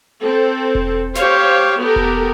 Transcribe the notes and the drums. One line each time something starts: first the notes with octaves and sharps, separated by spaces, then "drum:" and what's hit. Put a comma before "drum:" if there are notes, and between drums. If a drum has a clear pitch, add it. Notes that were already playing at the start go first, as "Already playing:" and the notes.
C4 A4
drum: kick E1
G4 C5 C#5 F5, drum: snare
B3 G4 A4 A#4
drum: kick E1